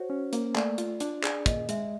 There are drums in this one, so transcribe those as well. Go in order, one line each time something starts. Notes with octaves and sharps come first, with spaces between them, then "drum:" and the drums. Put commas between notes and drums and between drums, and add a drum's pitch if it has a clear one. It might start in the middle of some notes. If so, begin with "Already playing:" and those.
Already playing: F#4 C5 C#5
C#4
A#3, drum: hi-hat
A3 D5, drum: clap
F4, drum: hi-hat
D4 D5, drum: hi-hat
G#4 D5, drum: clap
A#2 D#5, drum: kick, hi-hat
G#3 E5, drum: hi-hat